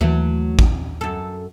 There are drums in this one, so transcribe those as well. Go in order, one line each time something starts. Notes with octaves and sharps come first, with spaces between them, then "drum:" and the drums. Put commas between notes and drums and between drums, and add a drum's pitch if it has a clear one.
D#2 E3 F#3 A3
drum: kick
F#2 A4